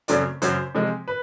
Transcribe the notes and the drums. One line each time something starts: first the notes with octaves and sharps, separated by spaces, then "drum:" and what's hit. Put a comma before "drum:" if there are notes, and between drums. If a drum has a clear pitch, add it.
F#2 C#3 F#3 A3 C4 D5, drum: hi-hat
F#2 C#3 F#3 C5, drum: hi-hat
C3 F3 G#3
B4